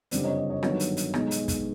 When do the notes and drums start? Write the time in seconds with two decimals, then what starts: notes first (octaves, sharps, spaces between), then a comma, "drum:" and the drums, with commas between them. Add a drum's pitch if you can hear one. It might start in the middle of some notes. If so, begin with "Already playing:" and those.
0.11 F#1 F2 D3 G3 C5 D5, drum: hi-hat
0.24 C#5 D#5
0.37 C#5 D#5
0.50 C#5 D#5
0.63 G1 G2 D#3 F#3 B4 C#5, drum: rim click
0.80 drum: hi-hat
0.97 drum: hi-hat
1.14 B1 B2 G#3, drum: rim click
1.31 drum: hi-hat
1.48 drum: kick, hi-hat